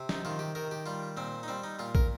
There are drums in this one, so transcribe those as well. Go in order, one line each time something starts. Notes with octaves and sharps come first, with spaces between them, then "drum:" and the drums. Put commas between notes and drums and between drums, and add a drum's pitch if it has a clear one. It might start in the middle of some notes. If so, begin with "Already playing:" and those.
Already playing: C3
D#4, drum: snare
D#3 F4
G4
D#3 A#4
G4
G3 F4
A#2 C4
D#4
G3 C4
D#4
A#2 F4
A#4, drum: kick